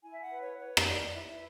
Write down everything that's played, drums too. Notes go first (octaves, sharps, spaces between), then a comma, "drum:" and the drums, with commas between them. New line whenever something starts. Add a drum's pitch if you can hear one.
E4 G#5
E5
F#5
B4
C#5
B4 C#5
drum: rim click
E4 D5
F#5
E4 E5